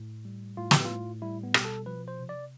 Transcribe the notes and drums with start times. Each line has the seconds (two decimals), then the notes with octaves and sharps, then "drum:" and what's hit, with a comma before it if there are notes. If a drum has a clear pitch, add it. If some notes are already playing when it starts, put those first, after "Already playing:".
Already playing: A2
0.25 G3
0.57 A2 F4
0.71 G4, drum: snare
0.85 F4
0.90 A2
1.22 G3 E4
1.43 B3
1.54 B2 G4, drum: rim click
1.65 A4
1.86 F3 B4
2.08 C5
2.19 C3
2.29 D5